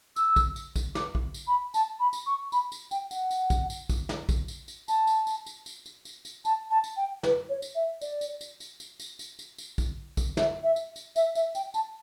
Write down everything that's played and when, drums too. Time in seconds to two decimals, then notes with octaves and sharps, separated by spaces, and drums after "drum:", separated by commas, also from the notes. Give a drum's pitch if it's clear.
0.16 E6, drum: tambourine
0.36 drum: kick A#1, tambourine
0.56 drum: tambourine
0.76 drum: kick A#1, tambourine
0.95 D6, drum: snare
1.15 drum: kick A#1
1.34 drum: tambourine
1.47 B5
1.74 A5, drum: tambourine
1.99 B5
2.13 drum: tambourine
2.26 C#6
2.52 B5, drum: tambourine
2.72 drum: tambourine
2.91 G5, drum: tambourine
3.11 F#5, drum: tambourine
3.31 drum: tambourine
3.50 drum: kick A#1, tambourine
3.70 drum: tambourine
3.89 drum: kick A#1, tambourine
4.09 drum: snare
4.29 drum: kick A#1, tambourine
4.48 drum: tambourine
4.68 drum: tambourine
4.88 A5, drum: tambourine
5.07 drum: tambourine
5.27 drum: tambourine
5.46 drum: tambourine
5.66 drum: tambourine
5.86 drum: tambourine
6.05 drum: tambourine
6.25 drum: tambourine
6.45 A5, drum: tambourine
6.70 A5
6.84 drum: tambourine
6.97 G5
7.23 B4, drum: snare
7.49 C#5
7.62 drum: tambourine
7.75 E5
8.01 D5, drum: tambourine
8.21 drum: tambourine
8.41 drum: tambourine
8.60 drum: tambourine
8.80 drum: tambourine
9.00 drum: tambourine
9.19 drum: tambourine
9.39 drum: tambourine
9.58 drum: tambourine
9.78 drum: kick A#1, tambourine
10.17 drum: kick A#1, tambourine
10.37 E5, drum: snare
10.63 E5
10.76 drum: tambourine
10.96 drum: tambourine
11.16 E5, drum: tambourine
11.35 E5, drum: tambourine
11.55 G5, drum: tambourine
11.74 A5, drum: tambourine